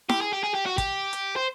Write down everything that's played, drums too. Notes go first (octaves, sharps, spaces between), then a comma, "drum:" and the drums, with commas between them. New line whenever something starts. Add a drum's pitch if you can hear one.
G4, drum: snare
G#4
G4
G#4
G4
F#4
G4, drum: kick, hi-hat
drum: hi-hat
C5